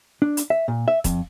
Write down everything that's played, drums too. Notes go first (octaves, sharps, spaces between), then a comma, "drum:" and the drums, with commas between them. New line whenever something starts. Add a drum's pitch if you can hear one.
D4
drum: hi-hat
E5
A#2
E5
F2, drum: kick, hi-hat